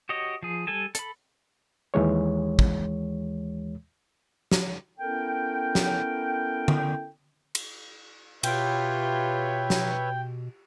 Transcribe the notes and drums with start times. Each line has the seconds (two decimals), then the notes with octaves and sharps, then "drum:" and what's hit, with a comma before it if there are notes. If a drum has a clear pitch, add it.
0.09 F#4 G4 C#5 D#5
0.43 F3 G#4
0.67 G3 A4 G#5 A5
0.95 A4 B5, drum: hi-hat
1.94 D#2 E3 G#3 C#5
2.59 drum: kick
4.52 drum: snare
4.98 B3 C#4 E4 A4 A#4 G5
5.75 drum: snare
6.68 drum: tom D3
7.55 drum: cymbal
8.43 B2 F4 G4 B4 C#5 E5 G5, drum: cymbal
9.70 drum: snare